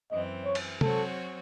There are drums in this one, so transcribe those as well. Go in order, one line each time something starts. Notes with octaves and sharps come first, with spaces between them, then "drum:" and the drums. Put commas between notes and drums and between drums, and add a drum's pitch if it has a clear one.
F#2 E3 C4 D#5
C#5
drum: cymbal
F#3 C4 F#4 A4 C#5, drum: tom C3